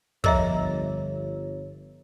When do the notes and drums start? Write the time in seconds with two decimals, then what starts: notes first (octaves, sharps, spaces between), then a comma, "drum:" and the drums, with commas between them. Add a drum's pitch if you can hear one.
0.24 G1 F3 A4 A#4 C#5 D#5 E5 A#5, drum: kick